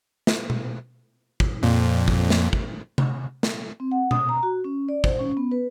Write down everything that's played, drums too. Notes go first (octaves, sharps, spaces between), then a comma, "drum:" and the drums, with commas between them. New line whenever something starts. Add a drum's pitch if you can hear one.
drum: snare
drum: tom B2
drum: kick
F2 A#2
drum: kick
drum: snare
drum: kick
drum: tom C3
drum: snare
C4
F#5
D#6, drum: tom B2
A#5
F#4
C#4
D5
C5, drum: kick
C#4
B3
B4